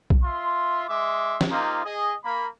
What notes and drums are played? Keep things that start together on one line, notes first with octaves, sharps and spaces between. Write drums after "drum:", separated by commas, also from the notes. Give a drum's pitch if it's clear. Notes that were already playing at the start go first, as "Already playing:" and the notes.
drum: kick B1
F4 E5 C6
G#3 E5 C6 D6
drum: snare
A#3 D#4 F4 G4 C5
G#4 D#5
A#3 B5